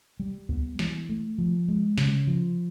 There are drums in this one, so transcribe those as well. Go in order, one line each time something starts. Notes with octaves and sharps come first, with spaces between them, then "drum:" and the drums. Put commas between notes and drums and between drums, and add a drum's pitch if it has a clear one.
G3
B3, drum: kick C#2
E3, drum: snare
A3
F3
G#3
C#3, drum: snare
F3